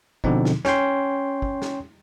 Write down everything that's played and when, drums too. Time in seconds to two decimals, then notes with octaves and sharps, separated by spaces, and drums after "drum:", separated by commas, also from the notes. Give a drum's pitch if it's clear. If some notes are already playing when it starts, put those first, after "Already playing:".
0.24 B2 D3 F3 C4 D#4, drum: kick
0.45 drum: snare
0.65 C#4 C#5 G5 C6, drum: snare
1.42 drum: kick
1.62 drum: snare